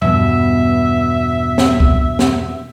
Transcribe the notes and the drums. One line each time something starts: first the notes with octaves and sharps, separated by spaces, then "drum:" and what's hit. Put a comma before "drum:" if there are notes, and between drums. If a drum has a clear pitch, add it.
E2 G2 B2 E5, drum: tom F3
drum: snare
drum: kick C#2
drum: snare